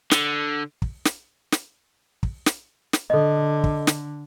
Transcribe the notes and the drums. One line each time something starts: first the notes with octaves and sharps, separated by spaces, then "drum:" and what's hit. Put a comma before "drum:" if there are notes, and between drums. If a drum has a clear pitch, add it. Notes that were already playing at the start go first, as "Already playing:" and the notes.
D3, drum: snare
drum: kick
drum: snare
drum: snare
drum: kick
drum: snare
drum: snare
D3 A4 D#5
drum: kick
drum: snare